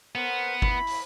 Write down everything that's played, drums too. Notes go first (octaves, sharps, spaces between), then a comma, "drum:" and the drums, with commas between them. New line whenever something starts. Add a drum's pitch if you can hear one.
B3 A#4 C5 F#5
E4 B5, drum: kick G1
drum: open hi-hat